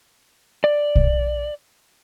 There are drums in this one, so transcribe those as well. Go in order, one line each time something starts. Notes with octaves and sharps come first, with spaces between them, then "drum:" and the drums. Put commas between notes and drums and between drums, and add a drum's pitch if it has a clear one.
D5
drum: kick